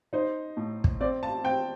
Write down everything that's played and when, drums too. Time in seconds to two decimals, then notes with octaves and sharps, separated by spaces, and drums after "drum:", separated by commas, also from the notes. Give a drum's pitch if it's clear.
0.13 D#4 C5
0.57 A2
0.84 drum: kick
1.00 C4 D5
1.23 A5
1.44 C4 G5